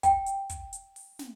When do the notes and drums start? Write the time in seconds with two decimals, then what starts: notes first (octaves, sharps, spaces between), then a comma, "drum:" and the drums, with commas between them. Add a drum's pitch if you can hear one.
0.03 G5, drum: kick, hi-hat
0.26 drum: hi-hat
0.50 drum: kick, hi-hat
0.73 drum: hi-hat
0.96 drum: open hi-hat
1.19 drum: snare